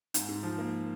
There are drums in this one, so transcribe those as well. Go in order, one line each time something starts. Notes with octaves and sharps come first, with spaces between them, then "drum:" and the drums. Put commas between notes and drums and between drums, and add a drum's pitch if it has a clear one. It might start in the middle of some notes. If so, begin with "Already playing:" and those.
G#2, drum: hi-hat
G#2
F3
A#3